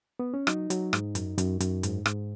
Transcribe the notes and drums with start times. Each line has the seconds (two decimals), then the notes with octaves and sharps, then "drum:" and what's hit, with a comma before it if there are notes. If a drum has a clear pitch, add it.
0.19 B3
0.34 C#4
0.47 F#3 D#4, drum: rim click
0.70 F#3, drum: hi-hat
0.93 G#2, drum: rim click
1.15 F#2, drum: hi-hat
1.38 F#2, drum: hi-hat
1.60 F#2, drum: hi-hat
1.83 G#2, drum: hi-hat
2.06 G#2, drum: rim click